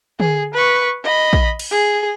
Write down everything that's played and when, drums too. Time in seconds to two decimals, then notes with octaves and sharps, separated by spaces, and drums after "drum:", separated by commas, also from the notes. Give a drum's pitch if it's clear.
0.20 G#4, drum: tom D3
0.54 B4 C#6
1.04 D#5 B5
1.33 drum: kick A#1
1.59 drum: cymbal
1.71 G#4